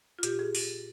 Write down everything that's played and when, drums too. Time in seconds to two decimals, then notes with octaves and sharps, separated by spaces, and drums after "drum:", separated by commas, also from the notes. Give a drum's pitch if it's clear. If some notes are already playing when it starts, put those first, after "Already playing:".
0.19 F4
0.23 A#2 G4, drum: hi-hat
0.39 G#4
0.55 drum: open hi-hat